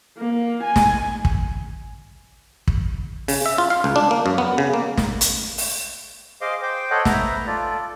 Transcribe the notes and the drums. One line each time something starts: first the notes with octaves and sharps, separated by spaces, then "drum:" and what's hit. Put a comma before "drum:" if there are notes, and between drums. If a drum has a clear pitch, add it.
A#3
G#5
drum: snare
drum: kick
drum: kick
C#3, drum: open hi-hat
E5
F4
F5
C#2
D4
A#3
F#2
B3
C#3
A#3
drum: snare
drum: hi-hat
drum: open hi-hat
G#4 C5 D#5 F5 D6
C5 G5 D6
A4 C5 C#5 D#5 F#5 G5
B4 E5 A#5, drum: snare
F4 A4 D5